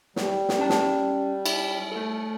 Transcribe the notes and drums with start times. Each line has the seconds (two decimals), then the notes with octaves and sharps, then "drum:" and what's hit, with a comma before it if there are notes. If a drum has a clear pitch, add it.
0.16 G3, drum: snare
0.49 drum: snare
0.58 C#4 A5
0.70 drum: snare
1.46 E4, drum: cymbal
1.92 A3 A4